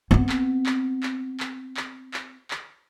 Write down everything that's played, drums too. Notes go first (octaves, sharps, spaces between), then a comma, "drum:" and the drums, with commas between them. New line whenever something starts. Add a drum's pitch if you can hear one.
B3 C4
drum: clap
drum: clap
drum: clap
drum: clap
drum: clap
drum: clap
drum: clap